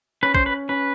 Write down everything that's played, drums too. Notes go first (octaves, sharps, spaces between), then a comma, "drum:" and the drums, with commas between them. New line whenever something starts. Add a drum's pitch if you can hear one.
C#4 B4
C5, drum: kick
B4
C#4 B4